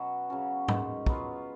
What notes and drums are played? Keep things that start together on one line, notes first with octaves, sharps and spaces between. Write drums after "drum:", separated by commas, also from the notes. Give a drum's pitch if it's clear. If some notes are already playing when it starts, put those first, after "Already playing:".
Already playing: B2 F#3 B3 C#4 F#4
C#3 F#3 C#4 F#4
D#3 G#3 C#4, drum: tom G#2
F#3 B3 F4, drum: kick